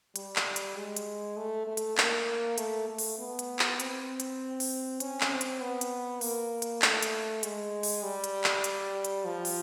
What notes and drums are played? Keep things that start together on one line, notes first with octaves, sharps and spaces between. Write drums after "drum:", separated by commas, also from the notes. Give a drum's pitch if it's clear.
G3, drum: hi-hat
drum: clap
drum: hi-hat
G#3
drum: hi-hat
A3
A3
drum: hi-hat
A#3, drum: clap
A3, drum: hi-hat
A3
drum: open hi-hat
B3
drum: hi-hat
drum: clap
C4, drum: hi-hat
drum: hi-hat
drum: open hi-hat
C#4, drum: hi-hat
drum: clap
C4
drum: hi-hat
B3
drum: hi-hat
A#3, drum: open hi-hat
drum: hi-hat
A3, drum: clap
drum: hi-hat
G#3, drum: hi-hat
drum: open hi-hat
G3
drum: hi-hat
drum: clap
drum: hi-hat
drum: hi-hat
F3
drum: open hi-hat